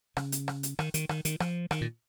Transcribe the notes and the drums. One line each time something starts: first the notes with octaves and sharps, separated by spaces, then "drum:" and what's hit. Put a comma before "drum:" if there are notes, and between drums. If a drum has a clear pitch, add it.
C#3, drum: rim click
drum: hi-hat
drum: rim click
drum: hi-hat
D#3, drum: rim click
D#3, drum: hi-hat
D#3, drum: rim click
D#3, drum: hi-hat
F3, drum: rim click
D#3, drum: rim click
A#2